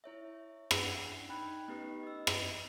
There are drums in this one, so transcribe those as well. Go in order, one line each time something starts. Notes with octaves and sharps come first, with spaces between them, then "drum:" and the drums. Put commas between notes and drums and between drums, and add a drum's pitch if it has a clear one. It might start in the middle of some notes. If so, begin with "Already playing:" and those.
E4 C#5 E5
C#4 D4 G#4 F#5 E6 C7, drum: rim click
D#4 G5 B5 F#6 G#6
A3 B3 C#4 D#4 G4 B4
D#5 E6
drum: rim click